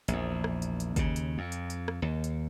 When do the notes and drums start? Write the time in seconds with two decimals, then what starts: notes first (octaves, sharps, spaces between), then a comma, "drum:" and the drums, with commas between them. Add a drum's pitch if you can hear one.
0.08 A#1 E2, drum: hi-hat
0.44 drum: rim click
0.62 drum: hi-hat
0.80 drum: hi-hat
0.96 D#2 C#3, drum: kick, hi-hat
1.16 drum: hi-hat
1.38 F2
1.52 drum: hi-hat
1.70 drum: hi-hat
1.88 drum: rim click
2.02 D#2
2.24 drum: hi-hat